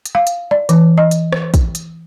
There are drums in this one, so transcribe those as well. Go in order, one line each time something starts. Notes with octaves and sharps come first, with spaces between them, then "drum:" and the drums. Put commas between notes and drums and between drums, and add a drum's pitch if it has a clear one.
drum: hi-hat
F5
drum: hi-hat
D5
E3, drum: hi-hat
D#5
drum: hi-hat
drum: rim click
drum: kick, hi-hat
drum: hi-hat